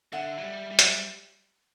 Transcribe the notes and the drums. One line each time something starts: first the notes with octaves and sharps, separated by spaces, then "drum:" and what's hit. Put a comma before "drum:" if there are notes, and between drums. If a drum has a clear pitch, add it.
D3 E5 F#5
F#3
G3
G3
F#3, drum: hi-hat
G3